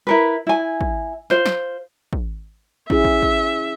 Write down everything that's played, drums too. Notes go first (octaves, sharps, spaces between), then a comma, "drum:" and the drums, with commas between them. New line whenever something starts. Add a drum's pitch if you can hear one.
E4 A#4 B4
E4 G#5
drum: kick
F4 C5, drum: snare
drum: snare
drum: kick
C#4 E4 G#4 E5, drum: kick
drum: kick
drum: kick